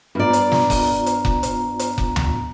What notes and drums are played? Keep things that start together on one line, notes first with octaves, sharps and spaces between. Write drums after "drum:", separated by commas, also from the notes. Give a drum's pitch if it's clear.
G2 B3 F4 D5 A#5
drum: hi-hat
drum: snare
drum: kick F1, open hi-hat
drum: hi-hat
drum: kick F1
drum: hi-hat
drum: hi-hat
drum: kick F1
drum: tom D2